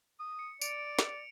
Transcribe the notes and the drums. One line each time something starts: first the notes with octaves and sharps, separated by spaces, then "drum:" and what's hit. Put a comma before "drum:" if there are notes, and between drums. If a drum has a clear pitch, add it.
D#6
C#7
D5 C#7 D7 F7, drum: tambourine
drum: snare